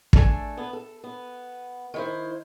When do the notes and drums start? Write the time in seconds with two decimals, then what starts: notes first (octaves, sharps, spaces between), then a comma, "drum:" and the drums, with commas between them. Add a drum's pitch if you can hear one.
0.13 A3 D4 A4 G#5, drum: kick
0.57 B3
0.73 A4
1.04 B3
1.94 D#3 E4 C5